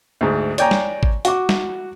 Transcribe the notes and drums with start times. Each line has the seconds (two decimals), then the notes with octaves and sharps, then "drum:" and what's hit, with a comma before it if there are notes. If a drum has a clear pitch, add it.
0.21 D2 G#2
0.58 C#5 D5 G5 G#5 A#5, drum: hi-hat
0.71 drum: snare
1.03 drum: kick G#1
1.25 F#4 D6, drum: hi-hat
1.49 drum: snare